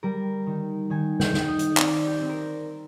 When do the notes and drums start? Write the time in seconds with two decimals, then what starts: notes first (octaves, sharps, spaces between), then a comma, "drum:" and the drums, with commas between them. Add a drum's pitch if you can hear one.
0.03 G3 A#4
0.47 D#3
0.90 D#3 G#5
1.20 G5, drum: snare
1.34 D#4, drum: snare
1.48 D#5
1.59 drum: hi-hat
1.77 C4 D5, drum: clap
2.07 G4
2.21 C4
2.29 A#4